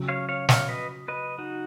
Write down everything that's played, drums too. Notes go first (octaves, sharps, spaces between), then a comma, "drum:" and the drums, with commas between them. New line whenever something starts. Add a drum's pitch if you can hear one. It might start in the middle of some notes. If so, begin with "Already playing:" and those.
Already playing: C#3 F#3 C#4
C#5 F5
C#5 F5
C#5 F5, drum: snare
B4 D#5
B4 D#5
D#4 F#4